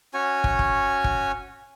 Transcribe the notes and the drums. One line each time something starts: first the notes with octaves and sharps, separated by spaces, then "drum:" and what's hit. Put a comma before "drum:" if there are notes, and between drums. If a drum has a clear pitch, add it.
C#4 F#4 C#5 G#5
drum: kick
drum: kick
drum: kick